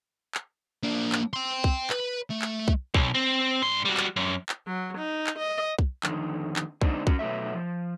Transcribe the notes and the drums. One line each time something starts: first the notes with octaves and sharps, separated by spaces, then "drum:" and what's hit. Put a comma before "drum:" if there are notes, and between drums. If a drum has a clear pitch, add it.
drum: clap
A#3 D4
drum: clap
G5 C6
drum: kick B1
B4, drum: clap
A3
drum: clap
drum: kick B1
B1, drum: kick B1
C4
G2 C6
G3 F#4
drum: clap
F#2
drum: clap
F#3
D#4
drum: clap
D#5
drum: kick B1
F2 D3 D#3, drum: clap
drum: clap
D3 G#3 C4 D4 D#4, drum: kick B1
C#4 F#4, drum: kick B1
B2 F#3 A3 E5
F3